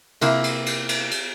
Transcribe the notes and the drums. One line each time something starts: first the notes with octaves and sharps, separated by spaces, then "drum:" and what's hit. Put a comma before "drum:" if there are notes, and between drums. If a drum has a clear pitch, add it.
C3 A#3 E4, drum: cymbal
drum: cymbal
drum: cymbal
drum: cymbal
drum: cymbal